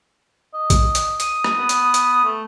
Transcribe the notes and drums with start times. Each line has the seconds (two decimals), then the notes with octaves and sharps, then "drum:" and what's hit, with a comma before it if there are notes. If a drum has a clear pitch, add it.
0.54 D#5
0.70 drum: kick A#1, hi-hat
0.95 drum: hi-hat
1.20 D#6, drum: hi-hat
1.44 drum: rim click
1.56 B3
1.69 drum: hi-hat
1.94 drum: hi-hat
2.24 A3